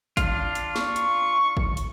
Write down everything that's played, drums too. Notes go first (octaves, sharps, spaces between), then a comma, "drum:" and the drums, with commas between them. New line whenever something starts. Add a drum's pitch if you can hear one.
D4 F4, drum: kick, hi-hat
drum: hi-hat
C#6, drum: snare
drum: hi-hat
drum: kick
drum: hi-hat